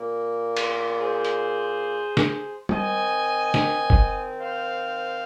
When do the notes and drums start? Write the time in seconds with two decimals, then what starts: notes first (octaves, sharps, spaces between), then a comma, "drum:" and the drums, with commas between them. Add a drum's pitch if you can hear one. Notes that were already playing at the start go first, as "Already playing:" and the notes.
Already playing: A#2 A#3
0.57 drum: cymbal
1.00 G#4 C5
1.25 drum: hi-hat
2.17 drum: snare
2.69 D#3 C4 D#5 G#5, drum: tom
3.54 drum: snare
3.90 drum: kick
4.39 C5 F5